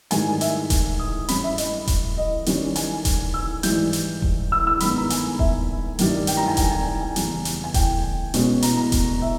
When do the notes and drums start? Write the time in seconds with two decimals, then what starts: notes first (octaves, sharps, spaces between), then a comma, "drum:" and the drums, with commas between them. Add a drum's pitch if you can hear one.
0.11 G#2 D#3 G3 G#5, drum: hi-hat
0.41 E5, drum: hi-hat
0.70 drum: kick D#1, hi-hat
0.99 D#6
1.28 G2 G3 C#4 B5, drum: hi-hat
1.43 E5
1.58 D#5, drum: hi-hat
1.87 drum: kick D#1, hi-hat
2.17 D#5
2.46 D#3 G3 C#4, drum: hi-hat
2.76 G#5, drum: hi-hat
3.05 drum: kick D#1, hi-hat
3.34 E6
3.63 G#2 E3 G3 G6, drum: hi-hat
3.93 drum: hi-hat
4.22 drum: kick D#1
4.52 E6
4.67 E6
4.80 G2 D#3 G#3 B3 B5, drum: hi-hat
4.96 A#5
5.10 G#5, drum: hi-hat
5.39 E5, drum: kick D#1
5.99 G2 D#3 G3, drum: hi-hat
6.27 G5, drum: hi-hat
6.37 A#5
6.47 G#5
6.57 G5, drum: kick D#1, hi-hat
6.71 G#5
6.87 A#5
7.01 G#5
7.16 E2 C#3 G3 C#4, drum: hi-hat
7.45 drum: hi-hat
7.64 G#5
7.74 G5, drum: kick D#1, hi-hat
8.34 B2 G#3 C#4, drum: hi-hat
8.62 A#5, drum: hi-hat
8.77 A#5
8.92 drum: kick D#1, hi-hat
9.22 E5